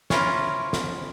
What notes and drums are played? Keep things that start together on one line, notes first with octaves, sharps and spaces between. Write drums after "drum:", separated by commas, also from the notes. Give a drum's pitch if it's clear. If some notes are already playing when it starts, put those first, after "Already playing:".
C#4 E4 F4 A#4, drum: snare
drum: snare